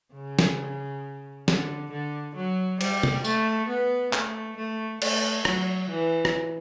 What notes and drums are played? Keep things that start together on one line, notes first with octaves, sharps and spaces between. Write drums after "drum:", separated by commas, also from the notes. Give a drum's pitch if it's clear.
C#3
drum: snare
D3, drum: snare
D3
F#3
G3, drum: cymbal
drum: tom
A3, drum: tambourine
B3
A3, drum: clap
A3
A3, drum: cymbal
F#3, drum: rim click
E3
drum: rim click